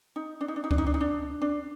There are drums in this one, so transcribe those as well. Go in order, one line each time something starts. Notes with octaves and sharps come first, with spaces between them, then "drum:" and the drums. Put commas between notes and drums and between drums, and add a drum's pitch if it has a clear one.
D#4
D4
D#4
D4
D#4
D4, drum: kick C#2
D#4
D4
D#4
D4
D4